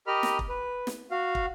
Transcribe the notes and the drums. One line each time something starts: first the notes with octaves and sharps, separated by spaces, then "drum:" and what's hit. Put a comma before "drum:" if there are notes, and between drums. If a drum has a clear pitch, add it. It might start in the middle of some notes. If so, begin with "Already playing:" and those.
G4 A#4 D#5 B5 F6
drum: snare
drum: kick
B4
drum: snare
F#4 F5
drum: kick